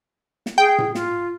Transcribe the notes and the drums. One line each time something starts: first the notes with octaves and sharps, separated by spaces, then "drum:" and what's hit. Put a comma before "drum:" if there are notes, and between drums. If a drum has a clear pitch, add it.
drum: snare
G#4 G5
drum: tom A2
F4, drum: snare